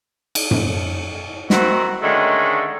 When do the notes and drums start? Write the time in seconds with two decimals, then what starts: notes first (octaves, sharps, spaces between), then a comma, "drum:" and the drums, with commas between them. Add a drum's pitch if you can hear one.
0.35 drum: cymbal
0.51 drum: tom F#2
1.50 D#3 C4 E4 F#4, drum: snare
2.02 D3 D#3 G#3 A3 C#4